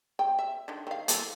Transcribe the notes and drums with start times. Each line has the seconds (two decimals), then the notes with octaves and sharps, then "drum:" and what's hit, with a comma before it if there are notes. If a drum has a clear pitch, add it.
0.19 G5
0.39 E5
0.68 D3 D#3
0.87 D#3 F5
1.08 A#3 E4 A4, drum: hi-hat